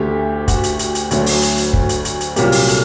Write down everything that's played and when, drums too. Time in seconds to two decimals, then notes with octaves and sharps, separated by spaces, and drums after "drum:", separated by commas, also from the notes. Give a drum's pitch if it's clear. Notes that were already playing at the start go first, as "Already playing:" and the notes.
Already playing: D2 D3 A3 G4
0.48 F#4, drum: kick, hi-hat
0.63 drum: hi-hat
0.79 drum: hi-hat
0.95 drum: hi-hat
1.11 D2 D3 F#3 A3, drum: hi-hat
1.26 drum: open hi-hat
1.42 drum: hi-hat
1.58 drum: hi-hat
1.73 drum: kick
1.89 drum: hi-hat
2.05 drum: hi-hat
2.21 drum: hi-hat
2.36 C2 A#2 F#3 A#3 G4, drum: hi-hat
2.52 drum: open hi-hat
2.68 A4, drum: hi-hat